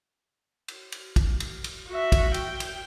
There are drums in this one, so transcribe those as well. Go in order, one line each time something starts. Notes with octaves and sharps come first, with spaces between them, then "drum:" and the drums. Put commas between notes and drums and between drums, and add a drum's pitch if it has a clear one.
drum: cymbal
drum: cymbal
drum: kick, cymbal
drum: cymbal
drum: cymbal
F#4 E5
drum: kick, cymbal
G5, drum: cymbal
drum: cymbal